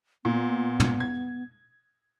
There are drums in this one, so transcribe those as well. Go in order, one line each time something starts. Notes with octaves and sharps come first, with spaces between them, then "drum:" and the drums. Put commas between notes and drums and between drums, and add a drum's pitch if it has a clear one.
A#2 B3
drum: tom
G#6